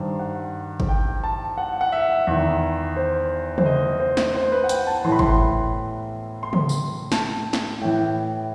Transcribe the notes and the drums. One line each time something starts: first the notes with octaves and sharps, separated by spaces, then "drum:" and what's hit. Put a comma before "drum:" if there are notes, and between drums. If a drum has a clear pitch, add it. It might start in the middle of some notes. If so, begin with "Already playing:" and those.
Already playing: G2 D#3 C5
F#5
drum: kick
G5
A5
F#5
F#5
E5
E2 D#3 E5
C5
C5, drum: tom
D#5
C5
drum: snare
C5
B4
F#5
G5, drum: hi-hat
A5
A2 E3 C6
B5
C6, drum: kick
C6
drum: tom
drum: tambourine
A5, drum: snare
drum: snare
A2 E3 G5